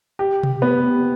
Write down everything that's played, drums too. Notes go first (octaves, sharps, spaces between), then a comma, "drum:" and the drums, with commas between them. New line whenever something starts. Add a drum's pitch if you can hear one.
G4
drum: tom B2
B3